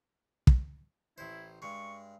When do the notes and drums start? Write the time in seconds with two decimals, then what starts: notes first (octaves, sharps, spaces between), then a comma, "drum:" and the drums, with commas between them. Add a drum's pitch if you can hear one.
0.47 drum: kick
1.18 A1 E4 C5
1.62 G2 G#3 C#6